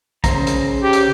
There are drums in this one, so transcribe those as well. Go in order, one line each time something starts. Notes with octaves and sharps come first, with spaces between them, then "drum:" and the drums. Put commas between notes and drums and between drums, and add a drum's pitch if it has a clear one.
C#3 C5 A#5, drum: kick A#1, hi-hat
drum: hi-hat
G4
drum: hi-hat